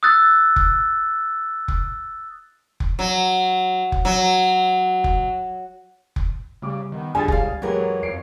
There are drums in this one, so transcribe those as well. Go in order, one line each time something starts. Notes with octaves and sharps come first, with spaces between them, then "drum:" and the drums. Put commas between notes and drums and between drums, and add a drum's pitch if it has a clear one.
D#6 E6 F#6 A6
drum: kick F1
drum: kick F1
drum: kick F1
F#3
drum: kick F1
F#3
drum: kick F1
drum: kick F1
C#3 G3 D6
D#3 B3
F2 D3 F3 G3 G#4 G#5 A6
C#2 G3 F5, drum: kick F1
F#2 E3 F#3 G#3 G4 A#4 C#5
F2 C7 D7